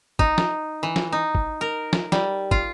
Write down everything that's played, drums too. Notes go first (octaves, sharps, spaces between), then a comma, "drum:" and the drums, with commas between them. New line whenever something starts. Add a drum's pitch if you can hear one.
D#4, drum: kick
drum: snare
E3
drum: snare
D#4
drum: kick
A#4
drum: snare
G3, drum: snare
F4, drum: kick